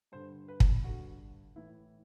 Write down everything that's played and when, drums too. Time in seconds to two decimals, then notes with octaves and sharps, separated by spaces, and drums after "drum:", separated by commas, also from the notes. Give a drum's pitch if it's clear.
0.12 G2 D3 C5
0.48 B4
0.60 drum: kick
0.84 G2 D3 F#4
1.56 A2 E3 E4